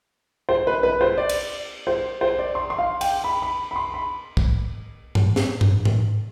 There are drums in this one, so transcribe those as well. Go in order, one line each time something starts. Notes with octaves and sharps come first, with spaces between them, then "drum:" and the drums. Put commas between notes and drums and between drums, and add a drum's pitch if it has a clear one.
C5
B4
B4
C5
D5
drum: cymbal
C5
C5
D5
C6
C6
F5
G5, drum: cymbal
B5
B5
B5
C6
B5
drum: kick
drum: tom G2
drum: snare
drum: tom G2
drum: tom G#2